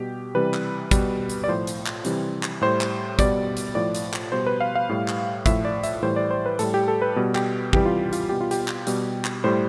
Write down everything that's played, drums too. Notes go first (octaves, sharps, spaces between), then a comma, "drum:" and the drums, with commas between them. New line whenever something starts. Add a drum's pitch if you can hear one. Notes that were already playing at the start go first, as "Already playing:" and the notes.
Already playing: B2 G3 G4
C3 E3 G3 B4
drum: clap
B2 G3, drum: kick, hi-hat
drum: hi-hat
D5
A2 F3 C5
drum: hi-hat
drum: clap
C3 E3 G3, drum: hi-hat
drum: clap
A2 G3 C5
drum: clap
B2 G3 D5, drum: kick, hi-hat
drum: hi-hat
A2 F3 D5
drum: hi-hat
drum: clap
B2 G3 C5
B4
F5
F5
A2 G3
drum: clap
A2 F3 E5, drum: kick, hi-hat
D5
E5, drum: hi-hat
A2 E3 G3 C5
D5
C5
B4
A2 G3 A4, drum: hi-hat
G4
A4
B4
B2 G3
G4, drum: clap
C3 E3 G3 G4, drum: kick
F4
F4, drum: hi-hat
B2 G3 G4
F4
G4, drum: hi-hat
drum: clap
B2 G3, drum: hi-hat
drum: clap
A2 G3 C5